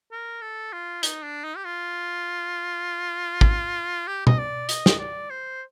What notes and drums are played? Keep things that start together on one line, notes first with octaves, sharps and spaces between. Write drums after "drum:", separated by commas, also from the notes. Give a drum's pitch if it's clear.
A#4
A4
F4
D#4, drum: hi-hat
D4
D#4
G4
F4
drum: kick
G4
D#5, drum: tom B2
D5
D#5, drum: hi-hat
drum: snare
D5
C5